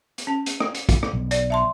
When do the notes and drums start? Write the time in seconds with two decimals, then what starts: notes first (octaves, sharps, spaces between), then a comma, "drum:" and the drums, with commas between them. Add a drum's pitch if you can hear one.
0.18 drum: hi-hat
0.27 C#4 A5
0.46 drum: hi-hat
0.60 drum: rim click
0.75 drum: hi-hat
0.89 drum: kick, hi-hat
1.03 drum: rim click
1.13 B1
1.31 D5, drum: hi-hat
1.50 E5 A5 C6